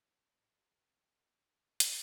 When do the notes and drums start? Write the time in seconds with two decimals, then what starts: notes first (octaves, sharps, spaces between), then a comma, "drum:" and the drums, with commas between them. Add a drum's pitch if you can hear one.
0.39 A2
0.49 B2
0.59 C3
0.70 C3
1.32 C3
1.80 drum: hi-hat